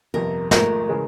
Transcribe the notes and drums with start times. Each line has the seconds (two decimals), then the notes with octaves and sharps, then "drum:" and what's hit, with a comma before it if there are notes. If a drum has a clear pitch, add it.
0.14 G1 F2 C3 A#4
0.51 G#1 G#2 F3 A3 A#4, drum: snare
0.89 C#3 E3 G#3